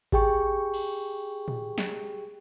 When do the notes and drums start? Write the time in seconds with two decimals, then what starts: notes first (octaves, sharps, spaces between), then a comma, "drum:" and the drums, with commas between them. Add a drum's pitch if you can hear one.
0.12 G4 G#4 G5 C#6, drum: kick G#1
0.74 drum: cymbal
1.48 drum: tom A2
1.78 drum: snare